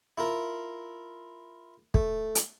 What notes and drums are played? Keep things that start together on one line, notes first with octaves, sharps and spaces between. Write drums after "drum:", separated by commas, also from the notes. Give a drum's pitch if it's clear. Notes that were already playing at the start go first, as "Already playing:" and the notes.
E4 F4 A#4
A3, drum: kick
drum: hi-hat